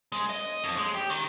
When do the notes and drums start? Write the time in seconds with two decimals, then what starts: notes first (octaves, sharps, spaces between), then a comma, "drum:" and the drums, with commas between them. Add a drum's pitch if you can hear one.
0.12 G#3, drum: hi-hat
0.29 D#5
0.64 F2, drum: hi-hat
0.78 G#3
0.95 G4
1.10 D#3, drum: hi-hat